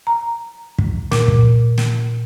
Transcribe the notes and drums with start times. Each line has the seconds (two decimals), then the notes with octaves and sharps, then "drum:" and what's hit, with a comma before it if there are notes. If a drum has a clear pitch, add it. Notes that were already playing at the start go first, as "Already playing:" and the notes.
0.07 A#5
0.78 drum: kick
1.12 A#2, drum: snare
1.28 drum: kick
1.78 drum: snare